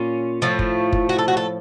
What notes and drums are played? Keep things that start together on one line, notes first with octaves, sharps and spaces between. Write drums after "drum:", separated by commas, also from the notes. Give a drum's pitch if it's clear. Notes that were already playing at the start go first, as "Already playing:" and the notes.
Already playing: A#2 C#4 F4
A2 F3 A3
drum: kick F#1
drum: kick F#1
F#4
A4
F#4
A4